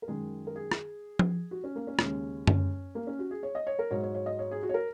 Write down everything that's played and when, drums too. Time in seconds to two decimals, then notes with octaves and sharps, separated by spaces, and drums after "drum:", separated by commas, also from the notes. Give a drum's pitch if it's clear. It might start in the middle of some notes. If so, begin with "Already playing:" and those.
0.02 A#4
0.08 F#2 D#3 G#3 G#4
0.47 A#4
0.56 G#4
0.72 drum: rim click
1.19 drum: tom F3
1.51 F#4
1.64 C#4
1.76 A#3
1.87 C#4
1.99 D#2 C#3 G#3 C#4, drum: rim click
2.47 C#4, drum: tom F#2
2.95 A#3
3.07 C#4
3.19 F#4
3.31 G#4
3.43 C#5
3.55 D#5
3.67 C#5
3.79 A#4
3.91 G#2 F#3 C#5
4.03 C#5
4.15 C#5
4.26 D#5
4.39 C#5
4.51 G#4
4.63 F#4
4.69 C#5
4.74 A#4